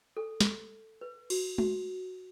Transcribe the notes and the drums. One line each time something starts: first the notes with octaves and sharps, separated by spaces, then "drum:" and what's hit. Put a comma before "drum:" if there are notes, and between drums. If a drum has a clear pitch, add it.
A4
drum: snare
B4
F#4, drum: cymbal
F#4, drum: tom G#3